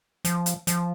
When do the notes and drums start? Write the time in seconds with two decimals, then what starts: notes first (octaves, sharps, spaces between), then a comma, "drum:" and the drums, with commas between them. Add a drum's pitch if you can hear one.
0.25 F3, drum: hi-hat
0.46 drum: hi-hat
0.67 F3, drum: hi-hat